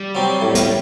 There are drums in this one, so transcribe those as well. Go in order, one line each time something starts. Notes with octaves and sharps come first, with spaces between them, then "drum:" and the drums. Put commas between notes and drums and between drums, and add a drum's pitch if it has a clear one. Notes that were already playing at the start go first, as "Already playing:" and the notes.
Already playing: G3
F#3 C4
A2
drum: hi-hat